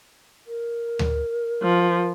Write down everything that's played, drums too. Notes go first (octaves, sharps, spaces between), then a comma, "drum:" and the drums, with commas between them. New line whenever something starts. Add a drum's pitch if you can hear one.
A#4
drum: tom D2
F3